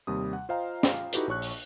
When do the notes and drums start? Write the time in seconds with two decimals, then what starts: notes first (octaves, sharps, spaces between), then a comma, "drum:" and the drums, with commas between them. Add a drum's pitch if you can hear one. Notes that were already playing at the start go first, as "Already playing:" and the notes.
0.07 D#2 C3 G3 D#6
0.33 F#5
0.49 F4 C5 D#5 F5 G5 A#5
0.83 drum: snare
1.13 D#4 E4 F#4 G4 A4 B4, drum: hi-hat
1.28 A#1 C#5 C#6 F#6
1.42 drum: open hi-hat